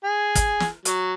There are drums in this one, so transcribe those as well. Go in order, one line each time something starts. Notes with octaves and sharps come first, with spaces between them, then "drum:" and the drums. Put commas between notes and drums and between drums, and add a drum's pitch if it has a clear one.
G#4
drum: kick, hi-hat
drum: snare
F#3, drum: hi-hat